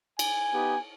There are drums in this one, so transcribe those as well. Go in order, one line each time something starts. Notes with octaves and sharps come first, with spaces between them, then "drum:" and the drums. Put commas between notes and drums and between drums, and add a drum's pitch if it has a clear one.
G#5, drum: cymbal
B3 D#4 G4